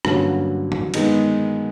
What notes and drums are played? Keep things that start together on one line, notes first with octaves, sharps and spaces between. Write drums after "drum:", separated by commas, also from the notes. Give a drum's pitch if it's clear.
G2 D3 F#3 A#3 C#4, drum: rim click
drum: tom
D#3 G#3 B3 D#4, drum: cymbal